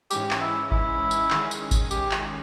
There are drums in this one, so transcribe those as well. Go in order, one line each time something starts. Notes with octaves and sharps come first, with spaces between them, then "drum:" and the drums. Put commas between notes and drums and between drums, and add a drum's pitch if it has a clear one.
G#2 E3 G#3 C#4 G4, drum: tambourine
drum: clap
E4
E4, drum: kick G#1
drum: tambourine
D#3 G#3 C#4 G#4, drum: clap
drum: tambourine
drum: kick G#1, tambourine
G4, drum: tambourine
drum: clap